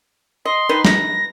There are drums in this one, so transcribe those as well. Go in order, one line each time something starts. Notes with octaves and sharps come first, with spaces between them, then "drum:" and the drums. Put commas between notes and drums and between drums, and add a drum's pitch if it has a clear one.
D#5 C6
D#3 D#4 B4
A#6, drum: snare